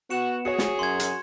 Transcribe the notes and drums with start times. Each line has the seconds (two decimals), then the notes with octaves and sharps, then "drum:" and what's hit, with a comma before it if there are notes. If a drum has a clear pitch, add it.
0.10 B3 F#4 C#7 E7
0.45 F#4 G#4 C#5 C#7
0.58 drum: snare
0.79 F#2 C6 G#6
1.00 drum: hi-hat